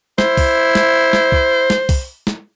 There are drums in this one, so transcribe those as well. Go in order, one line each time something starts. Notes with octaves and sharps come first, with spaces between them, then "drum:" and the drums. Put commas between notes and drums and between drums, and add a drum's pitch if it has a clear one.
E4 C5, drum: snare
drum: kick, open hi-hat
drum: snare
drum: snare
drum: kick
drum: snare
drum: kick, open hi-hat
drum: snare